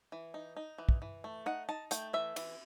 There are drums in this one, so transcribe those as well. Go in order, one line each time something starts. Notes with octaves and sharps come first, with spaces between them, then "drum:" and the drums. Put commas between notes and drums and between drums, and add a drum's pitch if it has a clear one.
E3
D#4
D#4
E3
drum: kick
E3
A3
D#4 F#5
D#4 A5
A3 G5, drum: hi-hat
E3 E5
E3, drum: cymbal